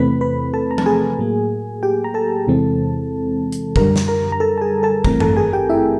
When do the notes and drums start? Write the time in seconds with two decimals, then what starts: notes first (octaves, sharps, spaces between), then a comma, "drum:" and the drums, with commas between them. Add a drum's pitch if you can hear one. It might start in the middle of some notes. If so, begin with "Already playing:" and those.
Already playing: E2 C3 E3 A3 C4 B4 B5
0.21 B4 B5
0.53 A4 A5
0.71 A#5
0.78 A5, drum: tom F3
0.86 G#4 G#5
1.19 A2 F#3 A#3
1.83 G4 G5
2.04 A#5
2.14 A4 A5
2.47 E2 C3 E3 G#3 C4
3.52 drum: hi-hat
3.76 F#2 D3 G3 A#4 A#5, drum: kick
3.96 drum: snare
4.08 A#4 A#5
4.32 A#5
4.40 A4 A5
4.58 A5
4.61 G#4 G#5
4.83 A4 A5
5.05 G#1 G2 E3 A3 C4 A#4 A#5, drum: kick
5.20 A4 A5, drum: tom F#2
5.37 G#4 G#5
5.53 G4 G5
5.69 E4 E5